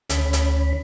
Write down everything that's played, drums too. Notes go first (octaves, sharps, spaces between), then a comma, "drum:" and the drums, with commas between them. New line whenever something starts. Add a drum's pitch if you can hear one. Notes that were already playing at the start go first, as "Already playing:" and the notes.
D2 C#4 B5, drum: hi-hat
drum: hi-hat